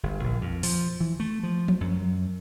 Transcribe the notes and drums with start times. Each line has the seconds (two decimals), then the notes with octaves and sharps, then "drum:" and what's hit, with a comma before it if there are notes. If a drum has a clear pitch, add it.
0.03 G1
0.24 A#1
0.41 F2
0.63 F3, drum: open hi-hat
1.00 E3
1.20 A3
1.43 F3
1.68 drum: tom F3
1.81 F#2